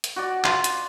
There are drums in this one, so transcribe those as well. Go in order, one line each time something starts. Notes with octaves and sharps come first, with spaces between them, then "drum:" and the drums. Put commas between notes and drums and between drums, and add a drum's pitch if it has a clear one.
drum: hi-hat
F#4 D5
F4, drum: clap
drum: hi-hat